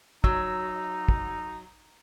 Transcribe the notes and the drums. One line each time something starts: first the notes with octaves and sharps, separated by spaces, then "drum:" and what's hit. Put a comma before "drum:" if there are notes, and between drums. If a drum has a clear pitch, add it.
F#3 D#4 E6, drum: kick
drum: kick